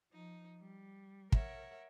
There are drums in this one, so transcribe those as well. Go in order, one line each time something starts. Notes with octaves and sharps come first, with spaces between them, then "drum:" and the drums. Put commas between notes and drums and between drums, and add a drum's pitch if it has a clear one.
F3 D#4
G3
A#4 C#5 E5 F#5, drum: kick